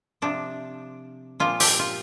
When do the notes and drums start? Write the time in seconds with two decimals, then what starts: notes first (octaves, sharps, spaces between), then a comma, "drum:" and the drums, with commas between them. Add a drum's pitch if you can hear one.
0.22 C3 F3 C4 D4
1.40 A#2 F3 A#3 F4
1.60 G4, drum: open hi-hat
1.79 F4